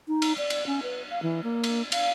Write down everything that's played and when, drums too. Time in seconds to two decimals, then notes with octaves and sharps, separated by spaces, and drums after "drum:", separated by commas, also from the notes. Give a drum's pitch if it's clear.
0.08 D#4
0.22 drum: cymbal
0.38 D5
0.50 drum: cymbal
0.67 C#4
0.83 B4
1.10 F5
1.23 E3
1.44 A#3
1.64 drum: cymbal
1.92 F5, drum: cymbal